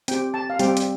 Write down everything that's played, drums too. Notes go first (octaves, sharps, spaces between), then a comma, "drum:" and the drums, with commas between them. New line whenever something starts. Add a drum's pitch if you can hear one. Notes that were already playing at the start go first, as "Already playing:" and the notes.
C4 G4 G5, drum: hi-hat
A5
F5
G3 C4 G4 G5, drum: hi-hat
drum: hi-hat